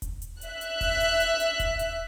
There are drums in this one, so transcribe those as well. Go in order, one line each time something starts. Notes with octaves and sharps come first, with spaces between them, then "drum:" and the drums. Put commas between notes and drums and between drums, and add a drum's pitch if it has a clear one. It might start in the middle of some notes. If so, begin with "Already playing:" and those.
drum: kick D#1, hi-hat
drum: hi-hat
E5 F#6, drum: hi-hat
drum: hi-hat
drum: kick D#1, open hi-hat
drum: open hi-hat
drum: hi-hat
drum: hi-hat
drum: kick D#1, hi-hat
drum: hi-hat